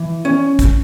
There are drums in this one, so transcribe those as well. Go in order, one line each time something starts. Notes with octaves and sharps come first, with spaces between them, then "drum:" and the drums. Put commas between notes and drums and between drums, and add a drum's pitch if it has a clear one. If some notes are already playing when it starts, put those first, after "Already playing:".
Already playing: E3
C#4
drum: kick, hi-hat